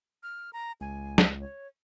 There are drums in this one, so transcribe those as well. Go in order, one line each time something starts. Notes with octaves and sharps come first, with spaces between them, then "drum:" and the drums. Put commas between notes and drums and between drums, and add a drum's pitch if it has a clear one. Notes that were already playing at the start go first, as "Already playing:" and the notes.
F6
A#5
C#2 G#5
drum: snare
C#5